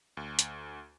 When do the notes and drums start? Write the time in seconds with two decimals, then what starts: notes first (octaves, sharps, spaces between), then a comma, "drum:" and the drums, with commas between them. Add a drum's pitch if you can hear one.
0.17 D2
0.39 drum: hi-hat